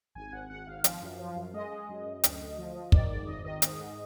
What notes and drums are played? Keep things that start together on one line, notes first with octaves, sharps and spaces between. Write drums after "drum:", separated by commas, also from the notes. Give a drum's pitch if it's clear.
G#1 G#5
G#1 F#5
G#1 F#5
G#1 F5
F3, drum: hi-hat
F#2
F3
F#2
G#3 D#5
G#3
F#2
F#2
D2, drum: hi-hat
D2
F3
F3
D#3 D5, drum: kick
G#2 D5
G#1 D#5
D#3 D#5
G#2, drum: hi-hat
G#2